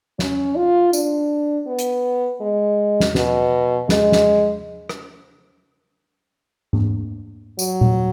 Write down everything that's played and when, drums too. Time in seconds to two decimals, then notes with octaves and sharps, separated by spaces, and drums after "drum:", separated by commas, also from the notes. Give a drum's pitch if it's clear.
0.19 C#4, drum: snare
0.56 F4
0.93 D4, drum: tambourine
1.67 B3
1.79 drum: hi-hat
2.41 G#3
3.00 drum: snare
3.15 B2, drum: snare
3.89 G#3, drum: snare
4.12 drum: snare
4.89 drum: rim click
6.73 drum: tom G#2
7.59 F#3, drum: tambourine
7.81 drum: tom A#2